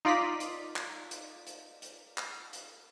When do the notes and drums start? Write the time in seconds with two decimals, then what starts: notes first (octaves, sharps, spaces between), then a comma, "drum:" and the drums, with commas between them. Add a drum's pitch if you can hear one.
0.05 D#4 F4 D5 D#5 B6
0.40 drum: hi-hat
0.76 drum: clap
1.11 drum: hi-hat
1.47 drum: hi-hat
1.82 drum: hi-hat
2.18 drum: clap
2.53 drum: hi-hat